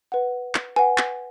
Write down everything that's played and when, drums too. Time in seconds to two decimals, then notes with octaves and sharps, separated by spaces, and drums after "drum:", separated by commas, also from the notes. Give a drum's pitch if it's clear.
0.12 B4 F#5
0.55 drum: clap
0.76 B4 F#5 G#5
0.98 drum: clap